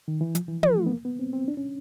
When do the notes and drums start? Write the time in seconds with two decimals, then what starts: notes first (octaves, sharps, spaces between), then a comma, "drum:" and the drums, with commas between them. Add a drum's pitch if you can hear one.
0.08 D#3
0.21 E3
0.35 F3, drum: hi-hat
0.48 E3
0.63 F3, drum: tom
0.78 A3
0.86 B3
0.91 A#3
1.05 B3
1.19 C4
1.33 C4
1.48 D4
1.57 C#4